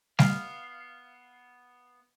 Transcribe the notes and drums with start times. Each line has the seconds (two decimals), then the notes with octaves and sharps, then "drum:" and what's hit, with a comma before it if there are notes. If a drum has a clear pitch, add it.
0.19 B3 F5, drum: snare G3